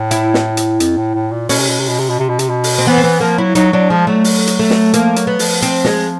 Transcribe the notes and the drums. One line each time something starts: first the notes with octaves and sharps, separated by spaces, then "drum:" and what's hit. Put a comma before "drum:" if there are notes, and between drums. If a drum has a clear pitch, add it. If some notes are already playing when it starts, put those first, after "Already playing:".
Already playing: A2
E4, drum: hi-hat
drum: snare
drum: hi-hat
F2, drum: hi-hat
A2
A2
A#2
B2 C#4, drum: open hi-hat
C3
B2
C3
B2
C3
B2
C3
B2
C3, drum: hi-hat
B2
drum: open hi-hat
C4
E3 B3
C4
E3 B3
F3 A#3
F#3 E4
F#3 D#4, drum: hi-hat
F#3 D4
F3 G#3
F#3 A3
drum: open hi-hat
drum: hi-hat
A3
drum: snare
F3 A#3, drum: hi-hat
F#3, drum: hi-hat
B3
F3, drum: open hi-hat
C4, drum: hi-hat
G#3, drum: snare